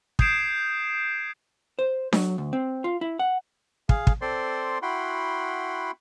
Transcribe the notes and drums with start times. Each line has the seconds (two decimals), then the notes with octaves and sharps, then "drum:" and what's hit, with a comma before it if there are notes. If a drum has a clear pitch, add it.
0.19 D#6 G6 G#6 C7 D7 E7, drum: kick
1.79 C5
2.13 F#3, drum: snare D4
2.38 D2
2.53 C4
2.84 F4
3.01 E4
3.19 F#5
3.89 G#4 F5, drum: kick
4.07 drum: kick
4.22 C4 A4 C5 D5 C6
4.82 E4 F#4 F#5 G5 B5 C6